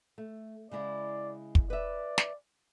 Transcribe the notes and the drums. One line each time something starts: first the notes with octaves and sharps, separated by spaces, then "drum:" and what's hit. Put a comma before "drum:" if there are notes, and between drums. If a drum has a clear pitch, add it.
A3
C#3 G#3 E4 D5
drum: kick
B4 D5 E5
drum: snare